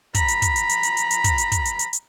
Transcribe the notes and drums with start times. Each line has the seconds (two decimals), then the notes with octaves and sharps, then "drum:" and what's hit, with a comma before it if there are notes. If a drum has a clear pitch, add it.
0.15 A#5 B5, drum: kick, hi-hat
0.28 drum: hi-hat
0.42 drum: kick, hi-hat
0.56 drum: hi-hat
0.69 drum: hi-hat
0.83 drum: hi-hat
0.97 drum: hi-hat
1.11 drum: hi-hat
1.24 drum: kick, hi-hat
1.38 drum: hi-hat
1.52 drum: kick, hi-hat
1.65 drum: hi-hat
1.79 drum: hi-hat
1.93 drum: hi-hat